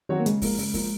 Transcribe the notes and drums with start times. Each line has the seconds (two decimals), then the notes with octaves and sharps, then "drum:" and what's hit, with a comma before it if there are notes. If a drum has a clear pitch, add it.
0.09 D#3 F#3 C4 F#4 C#5
0.20 A#3
0.26 C#3 G#3, drum: hi-hat
0.42 F3 A#3, drum: kick, open hi-hat
0.58 C#3, drum: open hi-hat
0.74 F3 A#3, drum: kick, open hi-hat